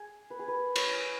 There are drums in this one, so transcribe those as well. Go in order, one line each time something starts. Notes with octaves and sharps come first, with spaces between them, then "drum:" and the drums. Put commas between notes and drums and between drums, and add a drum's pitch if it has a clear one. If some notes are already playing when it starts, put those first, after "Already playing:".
Already playing: G#4
B4
G#4
B4
C#5, drum: cymbal